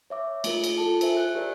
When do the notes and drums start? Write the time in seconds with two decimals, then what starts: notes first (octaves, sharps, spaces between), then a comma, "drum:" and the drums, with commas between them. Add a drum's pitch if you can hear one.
0.10 C#5 E5 D6
0.44 A3 F4 A#4, drum: cymbal
0.64 drum: cymbal
0.78 F4 A4 A5
1.01 A#4 C5 E5 G#5, drum: cymbal
1.17 F#6
1.35 G4 A#4 D5